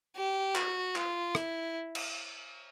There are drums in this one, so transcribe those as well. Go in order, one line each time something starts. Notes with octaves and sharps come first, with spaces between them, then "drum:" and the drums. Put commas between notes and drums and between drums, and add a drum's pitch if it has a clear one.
G4
F#4, drum: clap
F4, drum: clap
E4, drum: rim click
drum: cymbal